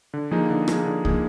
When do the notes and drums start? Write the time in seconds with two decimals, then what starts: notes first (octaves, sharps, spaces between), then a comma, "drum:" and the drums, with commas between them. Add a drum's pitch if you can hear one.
0.14 D3
0.31 F3 A#3 D#4 G#4
0.50 D3
0.68 F3 A#3 D#4 G#4, drum: rim click
0.85 D3
1.05 F3 A#3 D#4 G#4, drum: kick C2